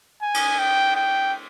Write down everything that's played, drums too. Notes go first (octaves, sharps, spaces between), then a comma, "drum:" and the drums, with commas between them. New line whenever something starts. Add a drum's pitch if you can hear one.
G#5
drum: cymbal
G5
G5